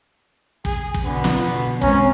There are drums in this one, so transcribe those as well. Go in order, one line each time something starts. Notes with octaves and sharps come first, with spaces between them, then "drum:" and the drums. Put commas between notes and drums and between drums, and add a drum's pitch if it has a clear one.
G#4, drum: kick
drum: kick
B2 D3 B3
drum: snare
B2
G#3 C4 C#4 A#5, drum: kick